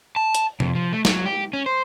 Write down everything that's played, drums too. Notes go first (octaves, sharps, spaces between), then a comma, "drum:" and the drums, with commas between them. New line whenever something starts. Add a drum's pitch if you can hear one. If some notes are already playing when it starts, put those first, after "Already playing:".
A5
drum: hi-hat
F2, drum: tom C3
F3
A3
F#3, drum: snare
G4
C#4
C5